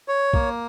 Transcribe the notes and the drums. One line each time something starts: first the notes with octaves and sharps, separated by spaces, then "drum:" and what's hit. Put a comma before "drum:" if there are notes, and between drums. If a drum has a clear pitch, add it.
C#5
A#3, drum: kick